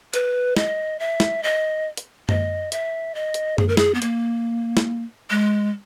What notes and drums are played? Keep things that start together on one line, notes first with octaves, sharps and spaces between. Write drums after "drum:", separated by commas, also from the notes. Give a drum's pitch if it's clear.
B4, drum: hi-hat
D#5, drum: snare
E5
drum: snare
D#5
drum: hi-hat
D#5, drum: tom F#2
E5, drum: hi-hat
D#5
drum: hi-hat
G#4, drum: tom F#2
A#4
G#4, drum: snare
B3
A#3, drum: hi-hat
drum: snare
G#3